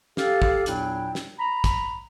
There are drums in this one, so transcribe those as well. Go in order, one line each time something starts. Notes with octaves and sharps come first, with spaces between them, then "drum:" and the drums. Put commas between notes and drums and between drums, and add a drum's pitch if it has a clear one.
G4 A4 F5, drum: snare
drum: kick
E2 A#2 F#3 D4 E4 G5, drum: hi-hat
drum: snare
A#5 B5
drum: kick, hi-hat